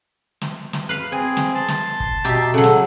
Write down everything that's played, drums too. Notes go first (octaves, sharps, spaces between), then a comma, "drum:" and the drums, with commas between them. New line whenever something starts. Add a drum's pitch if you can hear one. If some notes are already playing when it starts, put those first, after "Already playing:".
drum: snare
drum: snare
B4 F5
C4 G#4 G#5
drum: snare
A5 C6
drum: snare
drum: kick
B2 D#4 G4 E5
C#3 F#3 A4
drum: snare